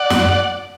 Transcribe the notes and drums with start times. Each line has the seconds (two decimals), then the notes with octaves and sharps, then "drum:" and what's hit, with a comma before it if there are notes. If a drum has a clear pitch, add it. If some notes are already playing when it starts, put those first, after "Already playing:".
Already playing: D5 F#5
0.10 F#2, drum: snare